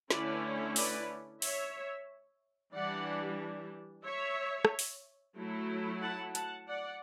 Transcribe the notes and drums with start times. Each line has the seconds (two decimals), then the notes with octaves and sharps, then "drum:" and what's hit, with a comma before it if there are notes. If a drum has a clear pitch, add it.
0.11 D3 A3 C#4 E4 B4 D5, drum: snare
0.76 B4 D5, drum: open hi-hat
1.42 C#5 E5, drum: open hi-hat
2.74 E3 G3 D4 D5 F#5
4.05 C#5 E5
4.65 drum: rim click
4.79 drum: open hi-hat
5.37 F#3 A3 E4
6.02 F#5 A5
6.35 F#5 A5, drum: hi-hat
6.68 D5 F#5